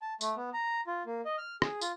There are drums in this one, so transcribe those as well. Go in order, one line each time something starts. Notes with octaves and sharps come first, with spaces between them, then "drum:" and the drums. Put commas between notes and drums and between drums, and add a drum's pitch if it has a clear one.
A5
A3, drum: tambourine
B3
A#5
F4
A#3
D#5
F6
G#4, drum: rim click
F4, drum: tambourine